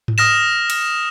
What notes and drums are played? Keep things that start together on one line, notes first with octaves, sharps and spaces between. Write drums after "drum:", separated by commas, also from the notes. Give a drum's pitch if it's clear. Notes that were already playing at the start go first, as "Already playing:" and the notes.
drum: tom G#2
D#6 F6 A#6 E7
drum: cymbal